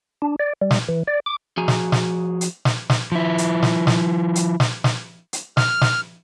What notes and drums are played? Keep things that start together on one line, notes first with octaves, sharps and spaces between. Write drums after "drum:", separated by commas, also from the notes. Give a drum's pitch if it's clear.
D4
D5
G3
drum: snare
E3
D5
D6
F3 F#4 G#4 G#5 A#5
drum: snare
drum: snare
drum: hi-hat
drum: snare
drum: snare
F3 E4
drum: hi-hat
drum: snare
drum: snare
drum: hi-hat
drum: snare
drum: snare
drum: hi-hat
F6, drum: snare
drum: snare